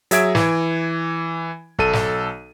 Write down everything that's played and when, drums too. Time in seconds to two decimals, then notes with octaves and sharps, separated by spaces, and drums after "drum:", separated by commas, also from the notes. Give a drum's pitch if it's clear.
0.11 F#3 G#4 E5 G#6 D7, drum: hi-hat
0.35 E3, drum: snare
1.79 B1 A4 D#7, drum: kick
1.93 drum: snare